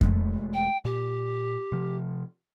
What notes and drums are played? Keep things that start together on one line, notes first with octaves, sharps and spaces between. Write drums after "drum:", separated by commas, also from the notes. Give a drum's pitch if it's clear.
E1 G#3 A3, drum: kick F2
G5
A#2 G4
C3 F3